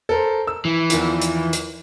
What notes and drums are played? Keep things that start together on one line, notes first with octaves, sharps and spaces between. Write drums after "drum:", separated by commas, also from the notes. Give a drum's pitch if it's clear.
A4 A#4 C5
E6
E3
E2 D#3 F3, drum: hi-hat
drum: hi-hat
drum: hi-hat